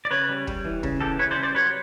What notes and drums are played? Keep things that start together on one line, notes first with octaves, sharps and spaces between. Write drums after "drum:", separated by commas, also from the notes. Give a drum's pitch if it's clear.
D5
C#3 B4 C#5
G3
G3, drum: kick
E3
C#3, drum: kick
E3 G4 A4
C#3 B4 C#5
C5 D5
G3
C5 D5
F#3 B4 C#5